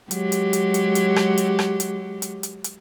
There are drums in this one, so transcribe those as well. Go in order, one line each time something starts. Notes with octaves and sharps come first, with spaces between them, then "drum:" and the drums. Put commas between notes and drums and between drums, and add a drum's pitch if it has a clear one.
F#3 G#3 G4, drum: hi-hat
drum: hi-hat
drum: hi-hat
drum: hi-hat
drum: hi-hat
drum: rim click
drum: hi-hat
drum: rim click
drum: hi-hat
drum: hi-hat
drum: hi-hat
drum: hi-hat